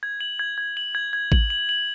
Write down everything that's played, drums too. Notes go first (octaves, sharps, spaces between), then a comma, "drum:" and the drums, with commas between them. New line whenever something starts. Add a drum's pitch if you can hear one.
G#6
F#7
G#6
G#6
F#7
G#6
G#6
F#7, drum: kick A1
F#7
F#7